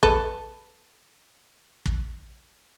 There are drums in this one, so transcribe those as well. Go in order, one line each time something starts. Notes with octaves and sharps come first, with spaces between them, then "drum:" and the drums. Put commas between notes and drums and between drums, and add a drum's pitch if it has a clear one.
A4 B4, drum: kick
drum: kick